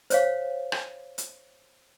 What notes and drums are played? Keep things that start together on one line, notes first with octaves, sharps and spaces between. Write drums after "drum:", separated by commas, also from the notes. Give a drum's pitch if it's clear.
C5 C#5 F5, drum: hi-hat
drum: rim click
drum: hi-hat